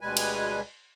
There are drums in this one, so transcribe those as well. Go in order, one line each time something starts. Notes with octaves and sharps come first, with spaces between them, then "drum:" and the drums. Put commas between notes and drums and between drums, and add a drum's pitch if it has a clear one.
D2 B2 G3 G#3 B4 G#5
drum: cymbal